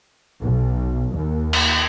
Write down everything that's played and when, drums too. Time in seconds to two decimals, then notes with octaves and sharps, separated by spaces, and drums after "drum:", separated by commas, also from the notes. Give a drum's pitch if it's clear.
0.43 B1
1.16 D#2
1.53 drum: cymbal